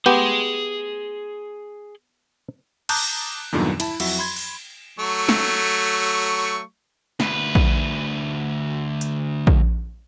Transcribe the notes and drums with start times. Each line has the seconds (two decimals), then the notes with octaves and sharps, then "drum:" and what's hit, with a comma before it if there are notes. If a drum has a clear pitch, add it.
0.06 B3 G4 G#4 C6
2.89 A5 A#5 D6 D#6 F#6 G6, drum: cymbal
3.52 E2 G2 A#2 D3 D#3 F#3
3.80 E4 A5 B5, drum: cymbal
4.00 F2 F#3 E4 F#4 E5, drum: cymbal
4.19 B5 C6 G#6
4.36 drum: open hi-hat
4.99 F#3 A3 C#6
5.29 drum: snare
7.20 D2 B4, drum: snare
7.55 drum: kick A#1
9.01 drum: hi-hat
9.47 drum: kick A#1